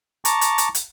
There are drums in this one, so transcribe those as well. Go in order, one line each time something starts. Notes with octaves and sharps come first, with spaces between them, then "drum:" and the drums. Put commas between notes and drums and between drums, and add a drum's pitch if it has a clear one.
A5 A#5 C#6 D6, drum: hi-hat
drum: hi-hat
drum: hi-hat
drum: hi-hat